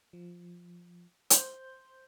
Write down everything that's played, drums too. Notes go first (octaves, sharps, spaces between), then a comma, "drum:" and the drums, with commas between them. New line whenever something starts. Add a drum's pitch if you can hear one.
F3
C5 G6, drum: hi-hat